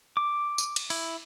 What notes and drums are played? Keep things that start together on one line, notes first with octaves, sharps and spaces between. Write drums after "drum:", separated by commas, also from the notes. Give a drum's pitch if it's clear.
D6
drum: tambourine
drum: cymbal
E4, drum: open hi-hat